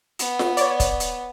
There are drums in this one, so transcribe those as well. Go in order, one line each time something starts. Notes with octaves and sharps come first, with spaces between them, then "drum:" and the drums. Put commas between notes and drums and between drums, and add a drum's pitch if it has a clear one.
B3, drum: hi-hat
drum: snare F4
C#5 D5, drum: hi-hat
drum: kick, hi-hat
drum: hi-hat